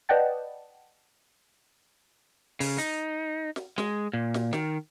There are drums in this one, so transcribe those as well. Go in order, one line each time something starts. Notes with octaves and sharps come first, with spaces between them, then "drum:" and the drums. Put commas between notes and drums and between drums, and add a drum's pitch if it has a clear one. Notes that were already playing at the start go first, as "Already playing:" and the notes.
B4 D5 D#5 F#5 G5 A5
C#3, drum: open hi-hat
D#4, drum: hi-hat
drum: snare
G#3, drum: snare
A#2
drum: snare
D#3, drum: snare